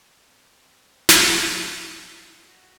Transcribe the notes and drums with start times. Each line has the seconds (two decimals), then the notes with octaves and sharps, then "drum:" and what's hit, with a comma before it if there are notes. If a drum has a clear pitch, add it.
0.27 C4
1.09 drum: snare
2.48 F#4